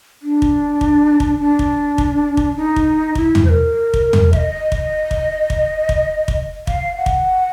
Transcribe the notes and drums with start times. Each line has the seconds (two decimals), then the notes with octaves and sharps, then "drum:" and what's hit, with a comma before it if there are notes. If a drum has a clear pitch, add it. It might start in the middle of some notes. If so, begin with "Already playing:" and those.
0.23 D4
0.42 drum: kick
0.81 drum: kick
1.20 drum: kick
1.40 D4
1.59 drum: kick
1.98 drum: kick
2.37 drum: kick
2.57 D#4
2.76 drum: kick
3.15 E4, drum: kick
3.35 drum: tom
3.45 C5
3.49 A#4
3.94 drum: kick
4.13 drum: tom
4.33 E5, drum: kick
4.37 D#5
4.72 drum: kick
5.11 drum: kick
5.50 drum: kick
5.89 drum: kick
6.28 drum: kick
6.67 F5, drum: kick
6.97 F#5
7.06 drum: kick